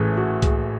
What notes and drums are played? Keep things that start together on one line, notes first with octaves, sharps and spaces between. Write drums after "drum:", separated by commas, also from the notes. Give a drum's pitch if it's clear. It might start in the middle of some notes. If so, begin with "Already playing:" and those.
Already playing: A1 A2 E3 G#4 A4
F#4
G#4, drum: kick C2, hi-hat